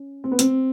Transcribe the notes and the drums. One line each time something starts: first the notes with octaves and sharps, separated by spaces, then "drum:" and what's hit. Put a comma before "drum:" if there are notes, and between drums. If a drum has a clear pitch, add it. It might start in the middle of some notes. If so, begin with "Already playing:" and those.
Already playing: C#4
C4
B3
C4, drum: hi-hat